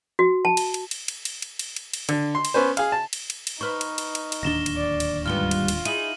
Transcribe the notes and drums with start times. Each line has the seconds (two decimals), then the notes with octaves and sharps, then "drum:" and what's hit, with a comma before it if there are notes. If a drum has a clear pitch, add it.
0.19 F#4
0.45 A5
0.57 drum: cymbal
0.74 drum: cymbal
0.91 drum: cymbal
1.08 drum: cymbal
1.25 drum: cymbal
1.42 drum: cymbal
1.59 drum: cymbal
1.76 drum: cymbal
1.94 drum: cymbal
2.09 D3, drum: cymbal
2.35 C6
2.45 drum: cymbal
2.54 B3 C#4 B4 C5
2.77 G#4 F5, drum: cymbal
2.92 A5
3.13 drum: cymbal
3.30 drum: cymbal
3.47 drum: cymbal
3.61 D#4 B4 C5 C#6 F6
3.81 drum: cymbal
3.98 drum: cymbal
4.15 drum: cymbal
4.32 drum: cymbal
4.43 D1 D#2 D4 A#6 E7 G7
4.66 drum: cymbal
4.77 D5
5.00 drum: cymbal
5.26 G#2 G3 B3 F4 F6 G7
5.51 drum: cymbal
5.68 drum: cymbal
5.85 D#4 E4 G#4 D#7 F#7, drum: cymbal